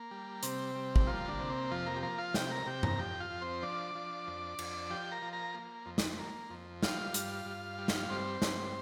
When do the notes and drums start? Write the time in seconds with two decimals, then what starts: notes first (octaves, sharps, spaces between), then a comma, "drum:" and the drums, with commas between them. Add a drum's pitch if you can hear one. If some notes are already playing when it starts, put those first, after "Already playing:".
Already playing: A#3
0.11 G3
0.43 C3 C4, drum: hi-hat
0.75 G3
0.96 drum: kick
1.07 F3 A#3 F4
1.28 D3 D4
1.40 C3
1.50 C4
1.71 F2 F3 F4
1.86 A#3 A#4
1.96 G4
2.03 F3 A#3 A#4
2.18 F4 F5
2.34 C3 G4 G5, drum: snare
2.51 A#4 A#5
2.66 C3 G4 G5
2.83 A#4 A#5, drum: tom G2
2.99 F2 G4 G5
3.20 F4 F5
3.30 F2
3.41 C4 C5
3.62 F3 D4 D5
3.95 F3
4.27 F2
4.59 F2, drum: cymbal
4.90 F3 G4 G5
5.11 A#4 A#5
5.22 F3
5.33 A#4 A#5
5.54 A#3
5.86 F2
5.98 drum: snare
6.18 A#3
6.50 F2
6.83 G3 F4 F5, drum: snare
7.14 G2, drum: hi-hat
7.46 G2
7.78 G3
7.88 drum: snare
8.10 G2 C4 C5
8.42 G2, drum: snare